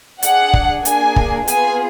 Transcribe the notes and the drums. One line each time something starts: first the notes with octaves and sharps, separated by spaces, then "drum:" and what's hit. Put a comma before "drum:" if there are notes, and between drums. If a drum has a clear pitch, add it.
D4 G#4 F#5, drum: hi-hat
drum: kick
A#3 D4 G#4 G#5, drum: hi-hat
drum: kick
B3 F4 G#4 G#5, drum: hi-hat